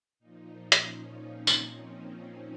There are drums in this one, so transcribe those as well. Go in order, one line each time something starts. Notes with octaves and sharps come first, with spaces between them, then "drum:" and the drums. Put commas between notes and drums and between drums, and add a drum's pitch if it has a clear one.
A#2 F3 D#4
C#4, drum: hi-hat
C4
drum: tambourine